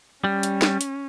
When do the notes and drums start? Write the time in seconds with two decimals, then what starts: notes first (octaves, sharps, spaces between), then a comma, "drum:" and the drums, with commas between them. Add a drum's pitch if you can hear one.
0.24 G3 C#4
0.43 drum: hi-hat
0.62 drum: snare
0.81 drum: hi-hat